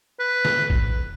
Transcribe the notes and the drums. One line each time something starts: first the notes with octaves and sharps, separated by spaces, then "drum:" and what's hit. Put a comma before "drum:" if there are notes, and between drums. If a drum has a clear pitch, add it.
B4
drum: snare
drum: kick